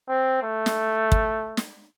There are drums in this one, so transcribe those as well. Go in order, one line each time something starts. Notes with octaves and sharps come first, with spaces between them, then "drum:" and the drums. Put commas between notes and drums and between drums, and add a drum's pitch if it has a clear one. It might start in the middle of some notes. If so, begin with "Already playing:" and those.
C4
A3
drum: snare
drum: kick
drum: snare